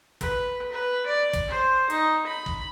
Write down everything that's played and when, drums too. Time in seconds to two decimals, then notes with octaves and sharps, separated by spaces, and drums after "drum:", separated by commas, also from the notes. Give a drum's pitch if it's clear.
0.21 B4, drum: kick, hi-hat
0.72 B4
1.06 D5
1.33 drum: kick, hi-hat
1.48 C5
1.90 D#4, drum: hi-hat
2.27 B5
2.46 drum: kick